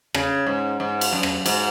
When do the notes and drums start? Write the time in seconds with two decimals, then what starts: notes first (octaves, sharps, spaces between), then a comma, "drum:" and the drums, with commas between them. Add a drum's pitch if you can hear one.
0.14 C#3, drum: rim click
0.47 G#2
0.80 G#2
1.01 drum: cymbal
1.13 F#2
1.23 drum: rim click
1.46 G#2, drum: cymbal